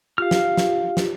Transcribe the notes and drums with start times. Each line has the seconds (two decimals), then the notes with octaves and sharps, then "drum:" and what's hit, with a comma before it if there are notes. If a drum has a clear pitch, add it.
0.18 F4 G4 F5 F6
0.31 drum: snare
0.57 drum: snare
0.97 drum: snare